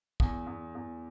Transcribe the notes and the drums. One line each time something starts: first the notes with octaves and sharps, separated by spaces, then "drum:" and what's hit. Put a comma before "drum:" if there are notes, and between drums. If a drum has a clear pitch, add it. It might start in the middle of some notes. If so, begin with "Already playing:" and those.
E2, drum: kick
E2
E2